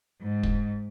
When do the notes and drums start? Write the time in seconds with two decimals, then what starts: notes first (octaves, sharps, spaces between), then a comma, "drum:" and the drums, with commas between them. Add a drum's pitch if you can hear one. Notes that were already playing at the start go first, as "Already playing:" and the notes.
0.22 G#2
0.43 drum: kick